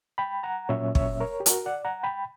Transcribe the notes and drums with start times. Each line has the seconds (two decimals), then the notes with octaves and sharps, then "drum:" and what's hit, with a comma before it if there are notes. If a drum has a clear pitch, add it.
0.18 G5 B5
0.43 F#5 A#5
0.69 A#2 F#3 C#4 C#5 E5
0.95 C#5 E5, drum: kick
1.20 A#4 C#5
1.40 G4
1.46 F#4 A#4, drum: hi-hat
1.66 D5 F#5
1.85 F#5 A#5
2.03 G5 B5